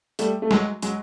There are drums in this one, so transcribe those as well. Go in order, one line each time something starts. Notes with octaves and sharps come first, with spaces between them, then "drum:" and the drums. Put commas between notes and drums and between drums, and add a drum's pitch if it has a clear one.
G3 A3, drum: hi-hat
A3
F#3 G#3, drum: snare
F#3 G#3, drum: hi-hat